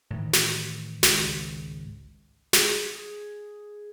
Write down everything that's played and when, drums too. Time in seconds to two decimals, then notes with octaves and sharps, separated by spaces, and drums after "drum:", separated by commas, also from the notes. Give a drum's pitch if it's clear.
0.10 A2 D#3 E3
0.33 drum: snare
1.03 G#1 C#2, drum: snare
2.53 G#4, drum: snare